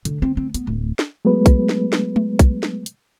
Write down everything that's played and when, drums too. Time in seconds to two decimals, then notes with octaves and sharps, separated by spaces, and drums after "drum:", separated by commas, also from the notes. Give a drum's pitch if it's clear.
0.05 D3, drum: hi-hat
0.22 C4
0.37 C4
0.54 B3, drum: hi-hat
0.67 D1
0.99 drum: snare
1.25 F#3 G#3 A3 B3 B4
1.46 drum: kick B1, hi-hat
1.69 drum: snare
1.93 drum: snare
2.16 drum: tom G#3
2.39 drum: kick B1, hi-hat
2.63 drum: snare
2.86 drum: hi-hat